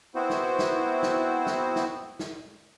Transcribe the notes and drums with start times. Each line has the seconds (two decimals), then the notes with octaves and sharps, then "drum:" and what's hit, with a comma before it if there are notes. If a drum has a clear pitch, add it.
0.15 B3 C4 E4 F#4 C5
0.30 drum: snare
0.59 drum: snare
1.03 drum: snare
1.46 drum: snare
1.76 drum: snare
2.19 drum: snare